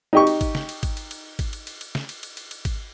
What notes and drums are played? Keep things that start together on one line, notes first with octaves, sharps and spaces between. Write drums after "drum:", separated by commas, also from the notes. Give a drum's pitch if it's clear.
D#4 G4 C#6
drum: cymbal
drum: kick G#1, cymbal
drum: snare
drum: cymbal
drum: kick G#1, cymbal
drum: cymbal
drum: cymbal
drum: kick G#1, cymbal
drum: cymbal
drum: cymbal
drum: cymbal
drum: snare
drum: cymbal
drum: cymbal
drum: cymbal
drum: cymbal
drum: kick G#1, cymbal